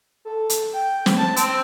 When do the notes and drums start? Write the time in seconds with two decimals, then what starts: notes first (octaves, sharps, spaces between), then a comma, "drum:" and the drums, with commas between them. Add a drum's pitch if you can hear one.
0.25 A4
0.50 drum: hi-hat
0.73 G5
1.06 C4, drum: snare
1.19 A5
1.36 C4 E6, drum: hi-hat